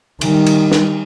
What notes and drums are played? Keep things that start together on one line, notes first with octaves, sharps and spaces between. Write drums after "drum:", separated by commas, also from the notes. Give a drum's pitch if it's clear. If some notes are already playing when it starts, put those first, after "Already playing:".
D#3 G3, drum: cymbal
drum: cymbal
drum: snare